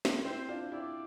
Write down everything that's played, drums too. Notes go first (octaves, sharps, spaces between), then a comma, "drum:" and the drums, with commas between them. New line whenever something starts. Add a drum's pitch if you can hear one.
drum: snare
C4 E4 C5
D4 F4
E4 G4 D5